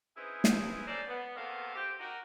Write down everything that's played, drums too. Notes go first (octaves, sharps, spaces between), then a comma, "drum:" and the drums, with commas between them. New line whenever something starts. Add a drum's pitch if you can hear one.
C4 C#4 D#4 E4 G#4 B4
drum: snare
C#4 D#4 A4 C5 D5
B3
C3 D#3 A#3 B3 A4 F5
C4 G4
D#4 F#4 A#4